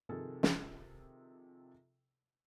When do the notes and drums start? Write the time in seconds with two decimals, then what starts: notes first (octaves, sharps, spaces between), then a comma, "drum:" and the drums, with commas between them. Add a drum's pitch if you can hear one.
0.09 C3 D#3 F3 F4 G#4 A4
0.43 drum: snare